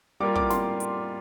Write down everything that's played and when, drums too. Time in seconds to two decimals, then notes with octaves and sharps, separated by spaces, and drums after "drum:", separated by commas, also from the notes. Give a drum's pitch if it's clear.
0.20 G3 A#3 F4 D6
0.35 D6, drum: kick
0.50 C6, drum: snare
0.80 drum: hi-hat